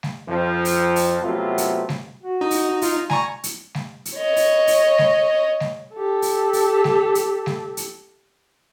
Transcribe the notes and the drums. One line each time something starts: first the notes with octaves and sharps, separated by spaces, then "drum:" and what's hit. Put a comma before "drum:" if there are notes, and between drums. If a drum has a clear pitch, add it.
drum: snare G3
F2 F3
drum: open hi-hat
drum: open hi-hat
C3 F#3 A3 B3 F4
drum: hi-hat
drum: snare G3
F#4
D#4
drum: open hi-hat
F4, drum: open hi-hat
G3 G#5 A#5 C#6, drum: snare G3
drum: hi-hat
drum: snare G3
drum: hi-hat
C#5 D#5
drum: open hi-hat
drum: open hi-hat
drum: snare G3
drum: snare G3
G4 A4
drum: open hi-hat
drum: open hi-hat
drum: snare G3
drum: hi-hat
drum: snare G3
drum: hi-hat